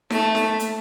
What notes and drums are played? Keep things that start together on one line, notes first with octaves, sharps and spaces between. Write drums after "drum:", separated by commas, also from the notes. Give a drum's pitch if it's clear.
A3, drum: snare D#4
drum: snare D#4
drum: hi-hat